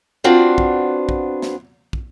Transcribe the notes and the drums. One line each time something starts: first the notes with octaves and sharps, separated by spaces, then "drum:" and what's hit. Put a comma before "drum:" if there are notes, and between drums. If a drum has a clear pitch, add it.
B3 C4 D4 F4 F#4
drum: kick
drum: kick
drum: snare
drum: kick